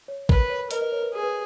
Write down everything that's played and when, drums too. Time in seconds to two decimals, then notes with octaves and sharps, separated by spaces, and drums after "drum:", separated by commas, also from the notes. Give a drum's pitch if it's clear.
0.08 C#5
0.29 A#4 B4, drum: kick A1
0.50 C#5
0.71 A#4 B4 D#5, drum: hi-hat
0.81 B4 D#5
0.92 C#5
1.03 B4
1.13 G#4 A#4
1.23 B4